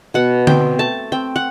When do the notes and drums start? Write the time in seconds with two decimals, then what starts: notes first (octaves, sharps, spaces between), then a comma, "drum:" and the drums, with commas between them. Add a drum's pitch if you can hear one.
0.14 B2 F#5
0.47 C4 G5, drum: tom D3
0.79 A3 A5
1.12 C4 G5
1.36 F#5